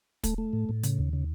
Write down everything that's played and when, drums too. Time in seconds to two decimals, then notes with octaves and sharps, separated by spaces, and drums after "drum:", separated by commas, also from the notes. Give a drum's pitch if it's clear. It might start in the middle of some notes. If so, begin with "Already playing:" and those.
0.23 A3, drum: kick, hi-hat
0.38 A3
0.53 A2
0.69 A2
0.83 C#3, drum: hi-hat
0.98 D#2
1.13 C#3